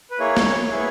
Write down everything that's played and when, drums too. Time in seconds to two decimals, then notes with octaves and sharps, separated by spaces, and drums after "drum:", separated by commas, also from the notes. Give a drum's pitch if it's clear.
0.11 B4
0.19 A#3 E4 G#4 C#5
0.37 drum: snare
0.71 B3 E4 G#4